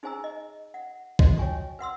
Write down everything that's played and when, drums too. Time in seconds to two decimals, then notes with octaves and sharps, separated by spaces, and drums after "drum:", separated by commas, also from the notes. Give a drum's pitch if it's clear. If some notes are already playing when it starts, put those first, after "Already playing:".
0.03 D#4 G#4 C5 G#5 A#5 E6
0.24 D#5
0.74 F#5
1.19 F4 F#4 C5 D5 D#5, drum: kick
1.38 C#5 G5 G#5 C#6
1.79 B4 F#5 C6 E6